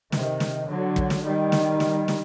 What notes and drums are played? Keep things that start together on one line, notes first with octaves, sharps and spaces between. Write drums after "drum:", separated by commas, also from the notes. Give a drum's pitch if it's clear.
C3 D#3, drum: snare
drum: snare
D3 F#3
drum: kick
drum: snare
D#3 G3
drum: snare
drum: snare
drum: snare